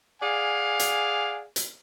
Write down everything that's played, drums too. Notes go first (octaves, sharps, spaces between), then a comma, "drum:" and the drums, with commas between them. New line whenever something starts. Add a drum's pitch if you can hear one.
G#4 D5 F5 F#5 G#5
drum: hi-hat
drum: hi-hat